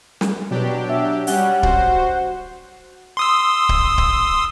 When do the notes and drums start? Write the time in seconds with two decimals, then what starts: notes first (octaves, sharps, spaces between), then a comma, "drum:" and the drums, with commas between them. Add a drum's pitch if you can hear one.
0.21 drum: snare
0.51 B2 F#3 D4 G4
0.89 E5
1.27 G3 C#4 F#5, drum: open hi-hat
1.63 F#4 C5, drum: kick D1
3.17 C6 D#6 E6
3.69 drum: kick D1
3.98 drum: kick D1